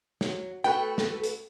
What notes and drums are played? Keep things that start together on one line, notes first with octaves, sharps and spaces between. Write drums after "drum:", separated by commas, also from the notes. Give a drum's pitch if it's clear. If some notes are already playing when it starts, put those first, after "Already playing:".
F#3, drum: snare
A3 F#4 A4 B4 G5
drum: snare
drum: hi-hat